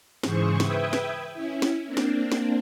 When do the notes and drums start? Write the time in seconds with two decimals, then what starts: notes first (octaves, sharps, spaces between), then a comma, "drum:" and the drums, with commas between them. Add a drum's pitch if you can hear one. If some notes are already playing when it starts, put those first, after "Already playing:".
0.23 G#2 C#3 E3 G#4 C5 C#6, drum: snare
0.60 B4 E5 G5 D#6 G#6, drum: snare
0.93 drum: snare
1.33 C#4 E4
1.62 drum: snare
1.86 A#3 C4 D4
1.97 drum: snare
2.32 drum: snare